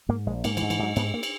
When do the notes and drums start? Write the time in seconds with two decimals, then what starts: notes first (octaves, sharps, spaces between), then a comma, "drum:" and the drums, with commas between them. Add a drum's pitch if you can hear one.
0.09 G#2 A#3
0.26 A#1 G#3
0.44 G#2 A#3, drum: cymbal
0.57 E3, drum: cymbal
0.62 G#2
0.70 E3, drum: cymbal
0.79 G#2 F#3
0.96 G#2 B3, drum: cymbal
1.14 A#3
1.23 drum: cymbal